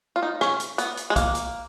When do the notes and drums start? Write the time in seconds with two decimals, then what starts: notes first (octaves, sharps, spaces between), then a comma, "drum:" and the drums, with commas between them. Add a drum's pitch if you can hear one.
0.16 F4
0.23 D#4
0.41 C#4, drum: rim click
0.60 drum: hi-hat
0.78 B3, drum: hi-hat
0.97 drum: hi-hat
1.10 G#3
1.16 A#3, drum: kick B1, hi-hat
1.35 drum: hi-hat